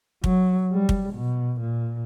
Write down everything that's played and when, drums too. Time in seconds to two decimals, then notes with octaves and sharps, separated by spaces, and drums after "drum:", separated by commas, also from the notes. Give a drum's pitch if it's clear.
0.24 F#3, drum: kick
0.72 G3
0.89 drum: kick
1.14 B2
1.61 A#2